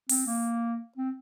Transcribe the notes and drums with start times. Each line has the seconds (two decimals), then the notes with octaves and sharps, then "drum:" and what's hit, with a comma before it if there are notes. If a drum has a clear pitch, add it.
0.09 C4, drum: open hi-hat
0.26 A#3
0.98 C4